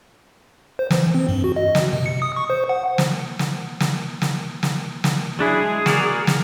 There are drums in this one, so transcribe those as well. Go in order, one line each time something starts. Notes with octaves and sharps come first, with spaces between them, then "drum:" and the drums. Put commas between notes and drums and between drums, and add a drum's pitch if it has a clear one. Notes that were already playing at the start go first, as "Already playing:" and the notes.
C5
E3, drum: snare
C4
G2
F#4
D#5
drum: snare
C3
C#7
D#6
C#6
C5
F#5
drum: snare
drum: snare
drum: snare
drum: snare
drum: snare
drum: snare
F#3 D4 E4 G#4
G#3
F#4 A#4 D5, drum: snare
drum: snare